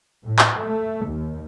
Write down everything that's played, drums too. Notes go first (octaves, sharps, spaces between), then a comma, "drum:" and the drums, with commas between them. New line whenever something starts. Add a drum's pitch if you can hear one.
A2
drum: clap
A3
D#2